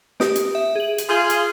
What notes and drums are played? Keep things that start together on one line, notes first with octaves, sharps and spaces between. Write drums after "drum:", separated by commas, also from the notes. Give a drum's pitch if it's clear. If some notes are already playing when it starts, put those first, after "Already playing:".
G4 D#6, drum: snare
drum: hi-hat
E5
G#4 F#7
drum: hi-hat
F4 G#4 G6
drum: hi-hat